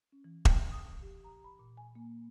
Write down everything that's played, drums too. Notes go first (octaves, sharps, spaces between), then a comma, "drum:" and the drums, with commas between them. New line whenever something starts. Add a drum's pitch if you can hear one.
C#4
E3
G5, drum: kick E1
D#6
G4
A#5
B5
A#2
G#5
A#3